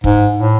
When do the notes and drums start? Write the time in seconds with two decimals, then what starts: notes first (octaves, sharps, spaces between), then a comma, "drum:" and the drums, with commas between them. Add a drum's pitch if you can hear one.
0.04 G#2, drum: kick
0.37 A2